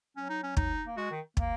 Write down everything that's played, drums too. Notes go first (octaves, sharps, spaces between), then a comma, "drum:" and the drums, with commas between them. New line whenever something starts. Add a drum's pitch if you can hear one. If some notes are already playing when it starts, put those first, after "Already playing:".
F#3 C#4
D#4
C#4
D#4, drum: kick
A#3
G#3 F#4
D#3
A#3, drum: kick